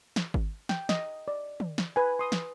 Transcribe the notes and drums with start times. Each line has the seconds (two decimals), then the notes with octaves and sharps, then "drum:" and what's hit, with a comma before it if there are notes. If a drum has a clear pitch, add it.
0.16 drum: snare
0.34 drum: kick G#1
0.69 G5, drum: snare
0.89 D#5, drum: snare
1.28 D5
1.60 drum: tom
1.78 drum: snare
1.96 B4 G#5
2.19 C6 D#6
2.32 drum: snare